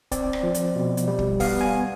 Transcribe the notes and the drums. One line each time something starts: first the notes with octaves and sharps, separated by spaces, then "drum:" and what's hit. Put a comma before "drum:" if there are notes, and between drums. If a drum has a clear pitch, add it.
C4 D5, drum: kick, hi-hat
drum: rim click
F3
drum: hi-hat
B2
drum: hi-hat
G3
drum: kick
B3 F5, drum: kick, open hi-hat
G#5